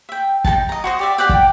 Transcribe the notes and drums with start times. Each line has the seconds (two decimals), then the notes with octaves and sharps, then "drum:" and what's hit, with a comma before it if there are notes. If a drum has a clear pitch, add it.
0.09 E5 G5
0.44 D#4 A4 G5 A5, drum: kick
0.69 D#5 A#5
0.84 F#4 C5 D#5
0.99 G4 D5 E5
1.18 G4 D5 F#5 G5
1.29 drum: kick